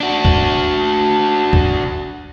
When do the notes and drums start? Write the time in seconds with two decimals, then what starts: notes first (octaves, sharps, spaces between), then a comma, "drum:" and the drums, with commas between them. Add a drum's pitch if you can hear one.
0.01 D4 F#4
0.25 drum: kick
1.53 drum: kick